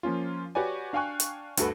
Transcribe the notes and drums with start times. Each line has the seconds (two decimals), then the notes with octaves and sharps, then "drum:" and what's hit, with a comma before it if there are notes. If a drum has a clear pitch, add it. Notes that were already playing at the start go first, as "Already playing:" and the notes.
0.03 F3 A#3 C#4 F4
0.55 F#4 G4 B4 C#5 D5 G#5
0.93 D4 F5 G5 G#5 C#6 F#6
1.20 drum: hi-hat
1.57 D2 G2 F#4 A4 B4, drum: hi-hat